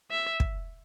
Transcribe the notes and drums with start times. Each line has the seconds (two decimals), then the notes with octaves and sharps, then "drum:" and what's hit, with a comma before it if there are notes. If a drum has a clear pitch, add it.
0.11 E5
0.40 drum: kick